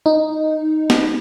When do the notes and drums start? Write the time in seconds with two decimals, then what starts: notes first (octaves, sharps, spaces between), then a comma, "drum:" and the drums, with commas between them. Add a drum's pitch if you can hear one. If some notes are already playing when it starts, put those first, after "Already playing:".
0.06 D#4
0.90 drum: snare